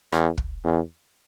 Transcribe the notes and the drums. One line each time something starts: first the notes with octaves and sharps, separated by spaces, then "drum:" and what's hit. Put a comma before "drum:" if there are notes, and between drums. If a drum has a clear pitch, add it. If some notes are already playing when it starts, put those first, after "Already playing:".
E2, drum: rim click
drum: kick
E2